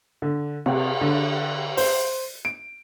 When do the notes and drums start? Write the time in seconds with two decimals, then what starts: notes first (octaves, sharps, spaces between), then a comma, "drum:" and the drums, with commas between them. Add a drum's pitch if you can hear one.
0.22 D3
0.66 C3, drum: cymbal
1.01 D3
1.77 C5, drum: open hi-hat
2.45 D7